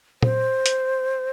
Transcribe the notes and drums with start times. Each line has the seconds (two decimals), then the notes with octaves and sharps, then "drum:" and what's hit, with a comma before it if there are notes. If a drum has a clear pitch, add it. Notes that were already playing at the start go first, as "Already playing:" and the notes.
0.23 C5, drum: tom
0.66 drum: hi-hat